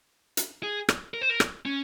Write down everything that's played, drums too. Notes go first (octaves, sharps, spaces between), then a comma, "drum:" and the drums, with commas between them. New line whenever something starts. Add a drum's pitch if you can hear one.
drum: hi-hat
G#4
drum: rim click
A#4
C5
A#4
drum: rim click
C#4